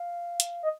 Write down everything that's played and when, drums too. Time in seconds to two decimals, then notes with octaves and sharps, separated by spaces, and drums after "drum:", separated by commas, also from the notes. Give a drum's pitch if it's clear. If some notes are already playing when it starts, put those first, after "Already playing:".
Already playing: F5
0.40 drum: hi-hat
0.63 D#5